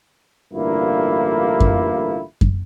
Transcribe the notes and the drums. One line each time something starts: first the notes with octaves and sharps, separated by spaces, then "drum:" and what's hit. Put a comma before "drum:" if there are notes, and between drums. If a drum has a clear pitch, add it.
A1 G2 D3 A#3 E4 F4
drum: kick F#2
drum: kick F#2